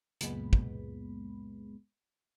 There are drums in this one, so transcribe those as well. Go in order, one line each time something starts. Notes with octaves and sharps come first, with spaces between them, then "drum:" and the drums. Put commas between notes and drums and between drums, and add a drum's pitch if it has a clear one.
C#2 F#2 A#2 G#3 B3 B5, drum: hi-hat
drum: kick